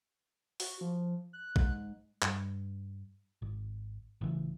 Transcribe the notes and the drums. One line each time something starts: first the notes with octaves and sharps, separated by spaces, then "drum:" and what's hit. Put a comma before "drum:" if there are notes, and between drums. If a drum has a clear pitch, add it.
F#4, drum: open hi-hat
F3
F#6
G#2, drum: kick A1
G2, drum: clap
G#1
A1 C#3 E3